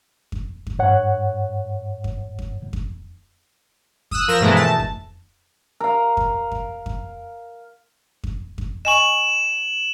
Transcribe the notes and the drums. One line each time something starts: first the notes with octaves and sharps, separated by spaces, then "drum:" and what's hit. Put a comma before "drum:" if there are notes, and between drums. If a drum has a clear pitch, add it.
drum: kick F2
drum: kick F2
G2 C#5 F#5
drum: kick F2
drum: kick F2
drum: kick F2
D#6 E6 F#6, drum: kick F2
F3 A#4 E6 A#6
G2 B2 E3 G#3 A3
A5
drum: kick F2
A#4 F5
drum: kick F2
drum: kick F2
drum: kick F2
drum: kick F2
drum: kick F2
D#5 G#5 C#6 E7 F#7